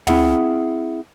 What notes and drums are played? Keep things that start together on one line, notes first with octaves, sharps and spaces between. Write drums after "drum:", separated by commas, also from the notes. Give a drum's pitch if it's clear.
C4 E4 G#4 E5 F#5, drum: tom